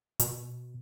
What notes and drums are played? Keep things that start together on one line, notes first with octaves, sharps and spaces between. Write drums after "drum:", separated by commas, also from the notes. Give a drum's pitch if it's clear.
B2, drum: hi-hat